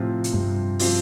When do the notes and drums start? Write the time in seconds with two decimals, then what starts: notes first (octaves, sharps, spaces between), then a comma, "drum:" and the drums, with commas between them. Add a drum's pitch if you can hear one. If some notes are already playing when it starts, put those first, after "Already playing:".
Already playing: A2 C3 F3 C4 F4
0.24 drum: hi-hat
0.33 G2 C3
0.79 F3 C4 F4, drum: open hi-hat